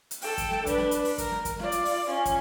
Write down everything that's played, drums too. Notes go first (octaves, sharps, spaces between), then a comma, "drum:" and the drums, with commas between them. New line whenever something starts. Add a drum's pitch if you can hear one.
drum: hi-hat
A4 G5, drum: open hi-hat
drum: kick, hi-hat
drum: snare
D4 B4, drum: kick, hi-hat
drum: snare
drum: hi-hat
drum: open hi-hat
A#4, drum: kick, hi-hat
drum: snare
drum: kick, hi-hat
F4 D5, drum: snare
drum: hi-hat
drum: open hi-hat
C#4 F4
drum: kick, hi-hat